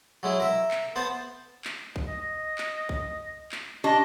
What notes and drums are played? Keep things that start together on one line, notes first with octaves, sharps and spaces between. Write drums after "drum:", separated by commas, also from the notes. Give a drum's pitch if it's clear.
F#3 G#3 E4
A#4 E5
drum: clap
B3 C5 F#5 A5
drum: clap
drum: kick
D#5
drum: clap
drum: kick
drum: clap
D4 G4 D#5